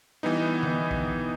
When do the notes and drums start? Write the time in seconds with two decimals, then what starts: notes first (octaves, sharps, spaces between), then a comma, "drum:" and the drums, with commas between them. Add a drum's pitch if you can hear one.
0.23 E3 G3 B3 D#4
0.63 drum: tom D3
0.91 drum: kick